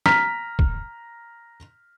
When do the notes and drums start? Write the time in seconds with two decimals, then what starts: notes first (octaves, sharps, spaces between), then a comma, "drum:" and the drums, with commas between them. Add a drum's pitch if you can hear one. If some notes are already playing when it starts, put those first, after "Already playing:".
0.06 A#5 F6 B6, drum: snare
0.59 drum: kick D#1